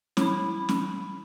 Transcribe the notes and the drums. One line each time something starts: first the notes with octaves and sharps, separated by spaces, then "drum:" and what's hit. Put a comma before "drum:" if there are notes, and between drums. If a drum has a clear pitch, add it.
E4 B5, drum: snare
drum: snare